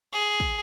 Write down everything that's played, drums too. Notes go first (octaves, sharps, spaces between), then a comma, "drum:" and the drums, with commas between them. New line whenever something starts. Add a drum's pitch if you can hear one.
G#4
drum: kick